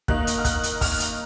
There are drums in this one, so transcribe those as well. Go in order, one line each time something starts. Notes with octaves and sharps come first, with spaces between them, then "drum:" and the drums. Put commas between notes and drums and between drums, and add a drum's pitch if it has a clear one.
D#3 A#3 D#4 F#6, drum: kick
drum: hi-hat
F6
F#6, drum: kick, hi-hat
drum: hi-hat
F6, drum: kick, open hi-hat
drum: hi-hat